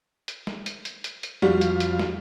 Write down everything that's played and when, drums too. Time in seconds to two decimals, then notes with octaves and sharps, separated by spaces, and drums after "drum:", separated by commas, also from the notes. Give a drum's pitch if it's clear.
0.28 drum: hi-hat
0.47 drum: snare
0.66 drum: hi-hat
0.85 drum: hi-hat
1.04 drum: hi-hat
1.23 drum: hi-hat
1.42 F2 F3 G3 F#4 F5, drum: snare
1.61 drum: hi-hat
1.80 drum: hi-hat
1.99 drum: snare